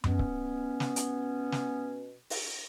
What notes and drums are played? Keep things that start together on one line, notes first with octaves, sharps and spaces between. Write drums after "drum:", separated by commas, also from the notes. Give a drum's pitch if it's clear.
B2 B3 C#4, drum: tom F#2
drum: kick C#1
drum: snare
drum: hi-hat
drum: snare
drum: open hi-hat